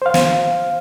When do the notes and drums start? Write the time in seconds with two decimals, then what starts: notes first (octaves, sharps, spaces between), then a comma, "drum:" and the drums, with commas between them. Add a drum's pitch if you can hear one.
0.02 C5 F5
0.14 drum: snare